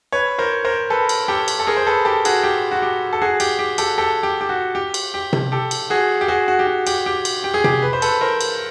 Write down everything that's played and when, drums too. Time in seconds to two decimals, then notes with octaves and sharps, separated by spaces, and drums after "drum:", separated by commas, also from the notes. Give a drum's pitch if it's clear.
0.12 B4 C#5
0.38 A#4 C5
0.65 A#4 C5
0.90 A4 B4
1.09 drum: cymbal
1.28 G4 A4
1.48 drum: cymbal
1.60 A4
1.67 G#4 A#4
1.77 C5
1.87 A4 B4
2.05 G4 A4
2.25 F#4 G#4, drum: cymbal
2.43 G4
2.71 F#4
2.82 G4
3.13 A4
3.22 F#4 G#4
3.40 G4, drum: cymbal
3.59 G4
3.78 G4 A4, drum: cymbal
3.98 G4 A4
4.23 G4
4.41 G4
4.49 F#4
4.75 G4
4.94 drum: cymbal
5.14 G4
5.33 drum: tom C3
5.52 G4 A4
5.71 drum: cymbal
5.90 F#4 G#4
6.21 G4
6.28 F#4 G#4
6.48 F#4
6.59 G4
6.67 F#4
6.87 G4, drum: cymbal
7.06 G4
7.25 drum: cymbal
7.44 G4
7.54 G#4
7.64 G4, drum: tom C3
7.82 B4
7.93 C5
8.02 A4 B4, drum: cymbal
8.21 A#4 C5
8.41 drum: cymbal